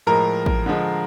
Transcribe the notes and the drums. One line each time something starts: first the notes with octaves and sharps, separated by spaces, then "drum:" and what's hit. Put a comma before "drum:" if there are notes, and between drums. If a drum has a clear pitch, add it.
A2 F3 G#3 A#4 A#5
drum: kick A1
D3 F3 G#3